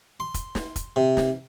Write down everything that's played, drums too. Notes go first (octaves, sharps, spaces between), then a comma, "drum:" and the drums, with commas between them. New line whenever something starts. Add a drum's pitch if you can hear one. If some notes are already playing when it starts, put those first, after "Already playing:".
C6
drum: kick, hi-hat
drum: snare
drum: kick, hi-hat
C3
drum: snare